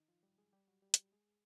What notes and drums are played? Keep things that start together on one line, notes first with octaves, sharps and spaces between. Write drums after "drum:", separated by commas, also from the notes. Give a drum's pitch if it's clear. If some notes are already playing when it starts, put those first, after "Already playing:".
Already playing: D#3 D#4
F3 F4
G3 G4
G#3 G#4
G3 G4
F#3 F#4
G3 G4
drum: hi-hat
G#3 G#4